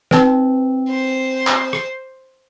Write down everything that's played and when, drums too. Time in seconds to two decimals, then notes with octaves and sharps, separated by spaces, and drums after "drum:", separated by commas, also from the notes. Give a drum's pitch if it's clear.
0.11 C4 D#4 B4, drum: snare
0.89 C5
1.47 drum: clap
1.73 drum: rim click